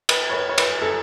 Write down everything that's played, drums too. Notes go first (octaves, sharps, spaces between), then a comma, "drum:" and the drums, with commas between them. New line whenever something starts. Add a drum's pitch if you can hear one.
B4, drum: cymbal
C#5
B4
C#5
B4, drum: cymbal
A4